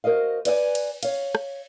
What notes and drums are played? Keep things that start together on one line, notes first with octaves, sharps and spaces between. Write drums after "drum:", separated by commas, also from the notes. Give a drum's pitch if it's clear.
F#4 A#4 C5 D#5 F5
B4 D5 D#5 G#5, drum: cymbal
drum: cymbal
C#5 F5, drum: cymbal
drum: rim click